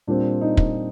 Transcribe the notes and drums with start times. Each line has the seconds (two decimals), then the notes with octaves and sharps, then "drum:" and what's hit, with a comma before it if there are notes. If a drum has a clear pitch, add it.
0.07 A#2 G3 C4 D4
0.41 D#4
0.57 drum: kick